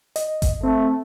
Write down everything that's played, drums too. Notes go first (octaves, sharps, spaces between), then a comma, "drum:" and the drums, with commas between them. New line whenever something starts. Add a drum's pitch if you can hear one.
D#5, drum: hi-hat
drum: kick G1, hi-hat
A3 C4